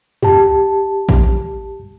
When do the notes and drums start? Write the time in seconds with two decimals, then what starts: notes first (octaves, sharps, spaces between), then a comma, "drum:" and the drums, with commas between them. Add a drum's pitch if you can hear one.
0.23 G4 A5, drum: tom
1.09 drum: kick A1